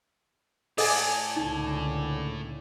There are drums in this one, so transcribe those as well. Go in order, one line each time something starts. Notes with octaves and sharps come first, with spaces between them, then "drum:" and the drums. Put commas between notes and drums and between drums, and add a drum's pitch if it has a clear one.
A2 A4 D5 D#5 G#5, drum: open hi-hat
C#2 A#2 D3 D#4